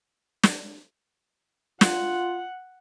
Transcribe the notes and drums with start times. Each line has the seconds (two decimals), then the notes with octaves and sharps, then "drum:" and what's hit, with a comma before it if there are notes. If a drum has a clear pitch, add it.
0.43 drum: snare
1.81 F4 F#5, drum: snare